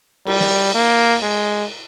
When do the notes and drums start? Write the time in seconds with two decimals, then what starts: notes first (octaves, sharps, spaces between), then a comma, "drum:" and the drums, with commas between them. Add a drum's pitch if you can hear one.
0.27 G3, drum: cymbal
0.40 drum: snare
0.74 A#3
1.22 G#3